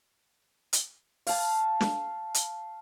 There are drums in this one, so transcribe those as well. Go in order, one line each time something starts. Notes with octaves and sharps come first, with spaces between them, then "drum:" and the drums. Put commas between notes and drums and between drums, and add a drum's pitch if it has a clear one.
drum: hi-hat
F5 A5, drum: open hi-hat
drum: snare
drum: hi-hat